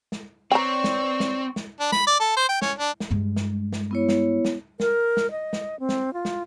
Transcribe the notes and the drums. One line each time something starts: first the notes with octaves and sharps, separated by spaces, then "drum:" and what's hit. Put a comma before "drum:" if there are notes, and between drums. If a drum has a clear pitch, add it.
drum: snare
C4 B4 C#5 D5 G5 A#5 C#6
drum: snare
drum: snare
drum: snare
D4
B5, drum: snare
D5
A4
C5
G5
C#4, drum: snare
D4
drum: snare
G2 G#3
drum: snare
drum: snare
B3 E4 C#5
drum: snare
drum: snare
A#4, drum: snare
drum: snare
D#5
drum: snare
C4
drum: snare
F4
drum: snare